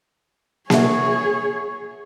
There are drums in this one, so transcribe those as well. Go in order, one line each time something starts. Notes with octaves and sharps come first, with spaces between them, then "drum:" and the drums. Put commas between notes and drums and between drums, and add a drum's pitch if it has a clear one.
G#4 C#5 E5 F#5, drum: snare A#3